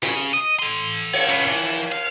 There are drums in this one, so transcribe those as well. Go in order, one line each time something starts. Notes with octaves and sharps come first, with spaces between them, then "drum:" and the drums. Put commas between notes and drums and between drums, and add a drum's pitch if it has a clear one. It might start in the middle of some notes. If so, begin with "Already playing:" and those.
C#3, drum: hi-hat
D#5
A4 C6
drum: cymbal
C#4 B4
E3
F5